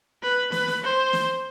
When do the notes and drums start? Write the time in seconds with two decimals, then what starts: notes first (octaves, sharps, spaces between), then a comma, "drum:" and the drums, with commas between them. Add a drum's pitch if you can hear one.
0.23 B4
0.52 B4, drum: snare
0.68 drum: snare
0.83 C5
1.13 drum: snare